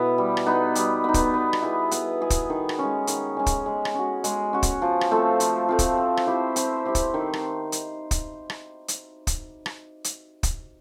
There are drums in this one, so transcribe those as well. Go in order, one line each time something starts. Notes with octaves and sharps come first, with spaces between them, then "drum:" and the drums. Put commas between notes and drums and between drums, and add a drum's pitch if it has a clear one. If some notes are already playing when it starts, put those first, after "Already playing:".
Already playing: B2 B3 E4
G3
drum: rim click
B3 D#4
G3, drum: hi-hat
B3 D#4
drum: kick, hi-hat
B3
drum: rim click
E4 G#4
B3, drum: hi-hat
E4 G#4
drum: kick, hi-hat
D#3
drum: rim click
G#3 C#4
D#3, drum: hi-hat
G#3 C#4
drum: kick, hi-hat
G#3
drum: rim click
C#4 F#4
G#3, drum: hi-hat
C#4 F#4
drum: kick, hi-hat
F3
drum: rim click
A3 C4 F4
F3, drum: hi-hat
A3 C4 F4
drum: kick, hi-hat
C4
drum: rim click
E4 G4 C5
C4, drum: hi-hat
E4 G4 C5
drum: kick, hi-hat
D#3
drum: rim click
drum: hi-hat
drum: kick, hi-hat
drum: rim click
drum: hi-hat
drum: kick, hi-hat
drum: rim click
drum: hi-hat
drum: kick, hi-hat